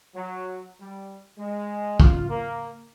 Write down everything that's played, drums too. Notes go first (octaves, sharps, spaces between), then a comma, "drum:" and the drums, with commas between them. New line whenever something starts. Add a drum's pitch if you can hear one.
F#3
G3
G#3
F4, drum: kick
A#3